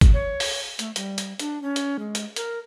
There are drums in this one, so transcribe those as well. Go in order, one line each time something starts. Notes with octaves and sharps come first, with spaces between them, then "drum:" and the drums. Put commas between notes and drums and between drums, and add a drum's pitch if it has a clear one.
drum: kick G1, hi-hat
C#5
drum: open hi-hat
A3, drum: hi-hat
G3, drum: hi-hat
drum: hi-hat
D4, drum: hi-hat
C#4
drum: hi-hat
G#3
drum: hi-hat
A#4, drum: hi-hat